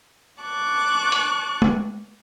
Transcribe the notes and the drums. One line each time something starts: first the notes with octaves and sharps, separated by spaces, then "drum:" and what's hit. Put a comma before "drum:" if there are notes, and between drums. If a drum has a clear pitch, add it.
A5 C#6 D6 F#6
drum: hi-hat
drum: tom G#3